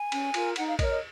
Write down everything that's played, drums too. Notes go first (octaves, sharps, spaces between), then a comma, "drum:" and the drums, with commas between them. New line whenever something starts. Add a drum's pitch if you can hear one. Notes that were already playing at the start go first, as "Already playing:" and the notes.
Already playing: G#5
C#4, drum: cymbal
F4 A#4, drum: cymbal
D#4 F#5, drum: cymbal
F5
A#4 C#5 D#5, drum: kick, cymbal
D#5